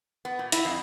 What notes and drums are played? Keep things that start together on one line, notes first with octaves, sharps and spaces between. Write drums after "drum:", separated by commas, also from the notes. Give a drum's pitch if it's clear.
B3
A#2
E4, drum: hi-hat
F2